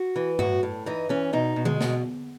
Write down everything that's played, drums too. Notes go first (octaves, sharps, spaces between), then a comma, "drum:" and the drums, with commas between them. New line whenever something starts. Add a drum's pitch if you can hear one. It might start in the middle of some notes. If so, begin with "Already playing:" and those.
Already playing: F#4
E3
A2 F#4, drum: tom G2
A2
E3 D#4
E3 C#4
B2 D#4
B2
G#3, drum: tom D3
B2, drum: snare